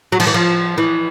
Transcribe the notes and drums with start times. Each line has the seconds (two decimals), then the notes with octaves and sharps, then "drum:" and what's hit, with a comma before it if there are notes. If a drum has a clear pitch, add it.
0.12 F#3
0.20 F3, drum: cymbal
0.27 E3
0.34 F3
0.78 E3